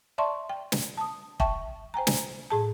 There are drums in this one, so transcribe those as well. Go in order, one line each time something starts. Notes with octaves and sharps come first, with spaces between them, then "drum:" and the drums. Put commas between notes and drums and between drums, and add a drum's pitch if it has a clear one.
D5 E5 A5 C6 C#6
G5
drum: snare
A5 D#6
E5 G5 A5 C#6, drum: kick
C5 G5 G#5 A#5
drum: snare
A2 G#4 A5